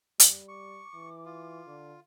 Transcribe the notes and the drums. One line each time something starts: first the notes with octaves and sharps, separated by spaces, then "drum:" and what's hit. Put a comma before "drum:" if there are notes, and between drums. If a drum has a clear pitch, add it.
G3, drum: hi-hat
C#6 D6
E3
F4
D3